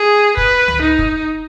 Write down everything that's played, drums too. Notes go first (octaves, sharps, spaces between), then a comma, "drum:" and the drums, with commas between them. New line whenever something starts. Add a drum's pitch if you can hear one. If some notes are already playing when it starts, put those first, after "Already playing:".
Already playing: G#4
B4, drum: kick
drum: tom C#2
D#4
drum: kick